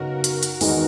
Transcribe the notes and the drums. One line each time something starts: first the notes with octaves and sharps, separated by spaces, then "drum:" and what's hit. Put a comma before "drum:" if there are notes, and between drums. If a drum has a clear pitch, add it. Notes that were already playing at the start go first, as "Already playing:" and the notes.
Already playing: F#2 C#3 F#3 B3 D#4 F#4 A#4
drum: hi-hat
drum: hi-hat
E2 D#3 G#3 B3, drum: open hi-hat